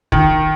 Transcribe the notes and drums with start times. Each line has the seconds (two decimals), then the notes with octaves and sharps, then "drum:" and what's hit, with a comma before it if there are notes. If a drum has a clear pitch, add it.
0.12 D#3, drum: kick